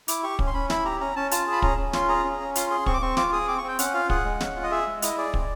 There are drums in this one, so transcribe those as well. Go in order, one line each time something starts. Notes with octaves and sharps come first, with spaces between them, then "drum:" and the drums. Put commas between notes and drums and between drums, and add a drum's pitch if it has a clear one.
E4 D6, drum: hi-hat
G4 C#6
C#4, drum: kick
C6
C#4 B5
E4 B5, drum: snare
G4 A#5
C#4 A#5
C#4 A5
F4 A5, drum: hi-hat
G#4
B5
C#4 A#5, drum: kick
C#4
F4 C6, drum: snare
G#4 A#5
C#4
C#4
F4 C6, drum: hi-hat
G#4 C6
C4 C#6, drum: kick
D6
C4 C#6
F4 D6, drum: snare
G#4 D#6
C4 D6
C#6
C4 G5
C#4 F#5, drum: hi-hat
F4 F5
G#4 F#5, drum: kick
G#3
C#4, drum: snare
F4
D#5
G#4 E5
G#3
E4 D#5, drum: hi-hat
G#4 D5
C4, drum: kick